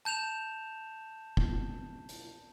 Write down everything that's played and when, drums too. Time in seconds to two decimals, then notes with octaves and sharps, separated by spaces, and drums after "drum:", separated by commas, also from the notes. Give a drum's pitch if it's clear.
0.05 A5 G6 E7 F7
1.37 drum: kick F1
2.09 drum: hi-hat